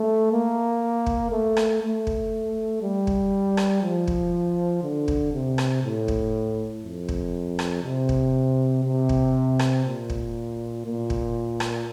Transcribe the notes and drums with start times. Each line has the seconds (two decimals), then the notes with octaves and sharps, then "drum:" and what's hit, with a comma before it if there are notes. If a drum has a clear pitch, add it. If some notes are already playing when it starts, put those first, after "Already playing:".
Already playing: A3
0.32 A#3
1.06 drum: kick
1.31 A3
1.57 drum: rim click
1.82 A3
2.07 drum: kick
2.82 G3
3.07 drum: kick
3.57 drum: rim click
3.82 F3
4.07 drum: kick
4.83 D3
5.08 drum: kick
5.33 C3
5.58 drum: rim click
5.83 A2
6.08 drum: kick
6.84 F2
7.09 drum: kick
7.59 drum: rim click
7.83 C3
8.09 drum: kick
8.84 C3
9.09 drum: kick
9.59 drum: rim click
9.85 A#2
10.10 drum: kick
10.85 A#2
11.10 drum: kick
11.60 drum: rim click